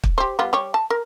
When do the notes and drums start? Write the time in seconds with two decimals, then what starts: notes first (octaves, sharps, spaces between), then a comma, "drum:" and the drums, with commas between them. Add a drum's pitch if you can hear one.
0.04 drum: kick
0.18 G4 C5
0.39 G3 B3 F4
0.53 G3 G4 C#5
0.74 A5
0.90 A#4